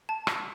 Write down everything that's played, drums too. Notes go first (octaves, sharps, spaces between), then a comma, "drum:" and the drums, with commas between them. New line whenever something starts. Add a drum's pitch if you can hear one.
A5
drum: rim click